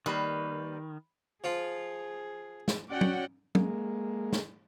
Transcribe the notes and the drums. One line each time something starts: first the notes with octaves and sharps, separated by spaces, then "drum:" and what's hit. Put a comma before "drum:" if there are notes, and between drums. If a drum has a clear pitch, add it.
D#3 G3 A#3 B4
F3 F4 G#4
drum: snare
C#4 F#4 D5 F#5 G5
drum: tom
G#3 A#3, drum: tom
drum: snare